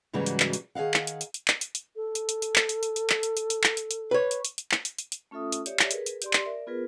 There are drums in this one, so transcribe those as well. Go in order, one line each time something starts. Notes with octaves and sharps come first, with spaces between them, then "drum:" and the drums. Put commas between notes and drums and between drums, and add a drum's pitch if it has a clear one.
G#2 C#3 E3 F#3 G3 F#4
drum: hi-hat
drum: clap
drum: hi-hat
D#3 G#4 D#5 F5 F#5
drum: clap
drum: hi-hat
drum: hi-hat
drum: hi-hat
drum: clap
drum: hi-hat
drum: hi-hat
A4
drum: hi-hat
drum: hi-hat
drum: hi-hat
drum: clap
drum: hi-hat
drum: hi-hat
drum: hi-hat
drum: clap
drum: hi-hat
drum: hi-hat
drum: hi-hat
drum: clap
drum: hi-hat
drum: hi-hat
B4 C#5
drum: hi-hat
drum: hi-hat
drum: hi-hat
drum: clap
drum: hi-hat
drum: hi-hat
drum: hi-hat
A3 C#4 F4 A4 E5 D#6
drum: hi-hat
G4 C#5 D5 E5, drum: hi-hat
drum: clap
G#4 A#4 B4, drum: hi-hat
drum: hi-hat
G4 D5 C6, drum: hi-hat
drum: clap
A#4 D5 E5
B3 F4 G#4 A#4 B4